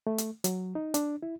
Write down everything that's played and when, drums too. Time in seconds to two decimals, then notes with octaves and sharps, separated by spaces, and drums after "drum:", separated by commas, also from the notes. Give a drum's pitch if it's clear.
0.07 A3
0.18 drum: hi-hat
0.44 F#3, drum: hi-hat
0.75 D#4
0.94 D4, drum: hi-hat
1.23 E4